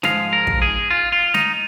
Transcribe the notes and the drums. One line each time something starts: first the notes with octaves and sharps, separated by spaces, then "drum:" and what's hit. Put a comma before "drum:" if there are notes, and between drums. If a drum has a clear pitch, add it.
G#2 F3 G#3 F5, drum: snare
A#4
drum: kick
G#4
F4
F4
D#4, drum: snare